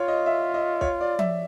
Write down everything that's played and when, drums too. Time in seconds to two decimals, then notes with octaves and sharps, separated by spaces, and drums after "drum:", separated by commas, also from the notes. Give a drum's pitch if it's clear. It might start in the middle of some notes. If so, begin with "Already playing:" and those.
Already playing: F4 C#5
0.08 D#5
0.26 E5
0.54 D#5
0.81 C#5, drum: kick
1.01 D5
1.19 E5, drum: tom F3